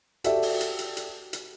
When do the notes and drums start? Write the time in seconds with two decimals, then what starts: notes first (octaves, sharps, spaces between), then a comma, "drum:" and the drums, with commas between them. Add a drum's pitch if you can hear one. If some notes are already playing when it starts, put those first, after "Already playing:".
0.24 F#4 G4 A4 D5 E5, drum: hi-hat
0.42 drum: open hi-hat
0.60 drum: hi-hat
0.79 drum: hi-hat
0.97 drum: hi-hat
1.33 drum: hi-hat